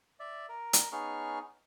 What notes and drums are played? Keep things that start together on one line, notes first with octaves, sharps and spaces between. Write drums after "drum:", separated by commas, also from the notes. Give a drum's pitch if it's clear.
D5 E5
A#4
drum: hi-hat
B3 C#4 D#4 G#4 C#6 F6